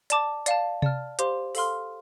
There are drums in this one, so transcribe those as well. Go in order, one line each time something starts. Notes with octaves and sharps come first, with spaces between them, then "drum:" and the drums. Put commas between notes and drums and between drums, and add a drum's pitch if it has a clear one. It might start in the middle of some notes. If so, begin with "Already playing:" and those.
D5 A5 D6, drum: hi-hat
D5 F5 A5, drum: hi-hat
D5 A5 F6, drum: tom C3
G4 C5 F5 C6, drum: hi-hat
A4 F5 C6 F6, drum: open hi-hat